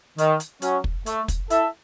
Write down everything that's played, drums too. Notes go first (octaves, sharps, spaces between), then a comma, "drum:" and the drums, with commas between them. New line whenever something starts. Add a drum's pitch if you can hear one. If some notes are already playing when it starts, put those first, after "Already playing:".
D#3, drum: hi-hat
drum: hi-hat
F#3 C#4, drum: hi-hat
drum: kick
A3, drum: hi-hat
drum: kick, hi-hat
E4 A4 E5, drum: hi-hat